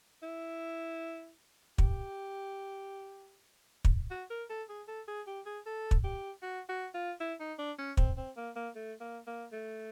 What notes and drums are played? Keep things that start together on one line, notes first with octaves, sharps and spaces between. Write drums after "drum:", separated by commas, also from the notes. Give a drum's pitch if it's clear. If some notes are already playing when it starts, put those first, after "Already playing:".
E4
G4, drum: kick
drum: kick
F#4
A#4
A4
G#4
A4
G#4
G4
G#4
A4
drum: kick
G4
F#4
F#4
F4
E4
D#4
D4
C#4
C4, drum: kick
C4
A#3
A#3
A3
A#3
A#3
A3